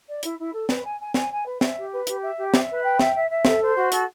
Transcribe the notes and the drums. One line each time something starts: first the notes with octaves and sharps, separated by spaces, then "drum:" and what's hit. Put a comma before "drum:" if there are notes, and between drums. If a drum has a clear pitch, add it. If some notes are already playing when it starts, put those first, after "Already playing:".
D5
E4, drum: hi-hat
E4
A4
B4, drum: snare
G#5
G#5
G#5, drum: snare
G#5
B4
E5, drum: snare
G4
B4
G4, drum: hi-hat
E5
G4
E5, drum: snare
B4
G5
E5, drum: snare
E5
E5
A4, drum: snare
C5
F#4
A4, drum: hi-hat